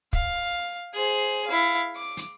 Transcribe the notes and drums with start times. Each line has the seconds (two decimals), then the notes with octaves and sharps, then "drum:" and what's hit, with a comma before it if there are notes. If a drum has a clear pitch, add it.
0.13 F5, drum: kick
0.94 G#4 C5
1.47 E4 F5
1.96 D6
2.17 drum: hi-hat